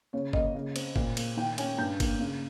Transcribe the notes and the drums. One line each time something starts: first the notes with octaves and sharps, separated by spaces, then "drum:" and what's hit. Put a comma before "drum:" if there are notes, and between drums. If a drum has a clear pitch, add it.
C#3 C#5
A#3 D#5, drum: kick F#1
C#3
C4, drum: cymbal
A#2, drum: kick F#1
A#3, drum: cymbal
D#3 G5
C#4 G#5, drum: cymbal
G2 G6
A#3, drum: kick F#1, cymbal
C#3